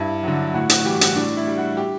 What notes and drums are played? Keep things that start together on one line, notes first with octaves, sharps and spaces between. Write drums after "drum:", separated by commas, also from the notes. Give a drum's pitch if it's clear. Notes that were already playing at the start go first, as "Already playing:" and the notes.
Already playing: G2 E4
D3 F#3
A2 F#4
F#4, drum: hi-hat
E3 G3 G4
F#4, drum: hi-hat
A2 D4
E4
G3
F#4
G4